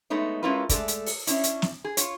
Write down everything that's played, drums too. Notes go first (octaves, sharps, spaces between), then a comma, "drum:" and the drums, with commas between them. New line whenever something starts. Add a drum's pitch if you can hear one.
G#3 A3 B3 D#4 C#5
G#3 C#4 E4 F4 A#4 B4
G#3 A3 A4 A#4 D5, drum: kick, hi-hat
drum: hi-hat
drum: open hi-hat
C#4 D4 E4, drum: hi-hat
drum: hi-hat
drum: snare
G#4
F4 C#5, drum: hi-hat